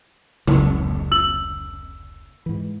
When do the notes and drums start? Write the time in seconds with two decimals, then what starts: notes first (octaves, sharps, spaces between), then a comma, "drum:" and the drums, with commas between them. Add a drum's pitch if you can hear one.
0.47 F1 C#2 F#3, drum: tom C#3
1.12 E6 F#7
2.46 G#2 E3